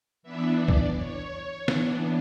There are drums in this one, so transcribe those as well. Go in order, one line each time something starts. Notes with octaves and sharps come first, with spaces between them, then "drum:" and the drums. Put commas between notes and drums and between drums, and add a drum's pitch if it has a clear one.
E3 B3 D4 E5
D5
drum: kick
C#5
E3 B3 D4, drum: snare